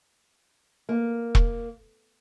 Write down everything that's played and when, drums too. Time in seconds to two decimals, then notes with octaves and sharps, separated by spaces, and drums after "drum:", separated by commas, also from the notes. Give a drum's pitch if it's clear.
0.89 A#3
1.35 drum: kick E1